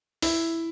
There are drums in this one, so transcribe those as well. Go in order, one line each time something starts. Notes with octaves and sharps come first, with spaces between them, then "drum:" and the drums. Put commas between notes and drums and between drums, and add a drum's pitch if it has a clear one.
E4, drum: open hi-hat